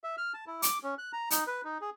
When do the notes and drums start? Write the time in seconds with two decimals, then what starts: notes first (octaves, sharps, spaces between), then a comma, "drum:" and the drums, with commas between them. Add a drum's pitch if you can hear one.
0.04 E5
0.18 F6
0.34 A5
0.47 E4
0.62 D6, drum: hi-hat
0.83 C#4
0.98 F#6
1.13 A#5
1.31 D#4, drum: hi-hat
1.47 B4
1.64 D#4
1.81 G#4